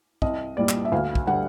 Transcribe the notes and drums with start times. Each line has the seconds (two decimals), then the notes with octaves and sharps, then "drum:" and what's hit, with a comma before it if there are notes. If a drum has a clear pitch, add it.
0.22 C2 D#5, drum: kick
0.57 A#2 G3 D5
0.69 drum: clap
0.85 E5
0.92 D2 F5
1.15 drum: kick
1.27 D3 G3 F#5